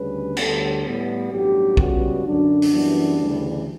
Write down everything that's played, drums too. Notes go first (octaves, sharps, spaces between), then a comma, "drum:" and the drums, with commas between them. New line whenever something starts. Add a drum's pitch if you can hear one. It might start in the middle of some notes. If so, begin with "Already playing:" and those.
Already playing: D2 C#3 G3 B4
D2 D3 G3 B3 A4, drum: cymbal
A2 G3 B3
A1 G2 F#3 G4
C#2 C#3 G3 B3 F#4, drum: kick
F#2 D3 F#3 D4
drum: open hi-hat
F#2 E3 G3 B3
D2 C#3 E3 G3